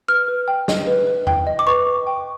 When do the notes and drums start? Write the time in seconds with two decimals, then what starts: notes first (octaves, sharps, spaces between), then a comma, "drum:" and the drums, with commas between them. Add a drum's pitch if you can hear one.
0.08 B4 F6
0.28 B4
0.48 G5
0.68 D#5, drum: snare
0.87 B4
1.07 B4
1.27 G5, drum: tom E2
1.47 D#5
1.59 D6
1.67 B4 C#6
1.86 B4
2.07 G5